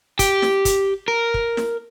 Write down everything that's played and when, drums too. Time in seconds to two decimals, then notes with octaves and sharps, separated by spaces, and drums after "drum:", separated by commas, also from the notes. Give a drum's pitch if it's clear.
0.19 G4, drum: kick, hi-hat
0.42 drum: snare
0.65 drum: kick, hi-hat
1.08 A#4
1.34 drum: kick
1.57 drum: snare